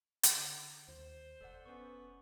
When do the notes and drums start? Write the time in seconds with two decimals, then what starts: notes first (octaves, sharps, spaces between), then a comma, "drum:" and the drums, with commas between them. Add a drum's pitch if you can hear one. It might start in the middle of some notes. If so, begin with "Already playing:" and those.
0.23 D3, drum: hi-hat
0.88 D#2 C5
1.41 F1 A4 D5 F#5
1.66 B3 C#4 C#6